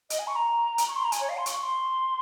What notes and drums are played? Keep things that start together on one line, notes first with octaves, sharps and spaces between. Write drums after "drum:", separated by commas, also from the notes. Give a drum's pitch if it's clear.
D#5, drum: hi-hat
G#5
C#6
A#5
drum: hi-hat
C#6
C6
A#5
G#5, drum: hi-hat
C#5
F5
C6
C#6, drum: hi-hat
C6